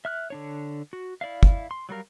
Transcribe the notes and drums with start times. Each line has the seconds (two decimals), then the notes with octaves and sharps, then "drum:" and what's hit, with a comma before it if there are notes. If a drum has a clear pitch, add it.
0.05 E5 F6 F#6
0.30 D3 D4 C#5
0.93 F#4
1.21 E4 D5 E5 F5
1.43 drum: kick
1.71 C6
1.89 F#3 G3 A#4 F5